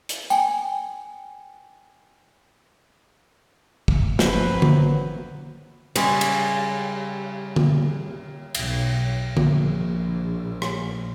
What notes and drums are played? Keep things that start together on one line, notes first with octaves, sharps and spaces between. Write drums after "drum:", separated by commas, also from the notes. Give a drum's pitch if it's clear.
drum: hi-hat
G5 G#5, drum: tambourine
drum: kick
G1 F3 F#3 C4 B4, drum: snare
drum: tom D3
C#3 G3 G#3, drum: cymbal
drum: cymbal
drum: tom D3
B1, drum: cymbal
A#1, drum: tom D3
drum: rim click